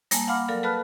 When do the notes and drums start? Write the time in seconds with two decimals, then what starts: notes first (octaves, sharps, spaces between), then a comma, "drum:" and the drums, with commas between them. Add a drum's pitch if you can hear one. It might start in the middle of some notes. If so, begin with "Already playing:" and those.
0.11 G3 A#3 G#5 A5, drum: hi-hat
0.28 F5 F#5 B5 D6 F6
0.48 F#3 A4 A#4 D5 F5
0.63 A4 B4 A5 B5 F6 F#6